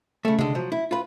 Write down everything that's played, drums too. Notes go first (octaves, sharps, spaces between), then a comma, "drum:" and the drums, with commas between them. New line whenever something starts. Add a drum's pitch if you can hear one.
C#3 A3
D3 G#3, drum: tom C3
F3 F#3
E4
F4 B4